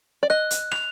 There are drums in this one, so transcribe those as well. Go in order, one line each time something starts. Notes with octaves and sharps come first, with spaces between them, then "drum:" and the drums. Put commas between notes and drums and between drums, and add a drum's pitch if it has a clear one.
D5
D#5 F#6
drum: hi-hat
F7, drum: rim click